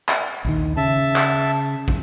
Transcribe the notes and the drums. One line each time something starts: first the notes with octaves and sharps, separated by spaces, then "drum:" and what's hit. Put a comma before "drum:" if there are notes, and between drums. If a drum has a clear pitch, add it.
drum: clap
A#1 D#2 D#3
C#3 E5 A5
drum: clap
drum: kick